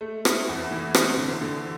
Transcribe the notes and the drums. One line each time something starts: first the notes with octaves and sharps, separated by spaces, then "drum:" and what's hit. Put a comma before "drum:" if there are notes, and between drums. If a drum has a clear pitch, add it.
A3
E4, drum: rim click
E2
E3
C4, drum: rim click
D3
D3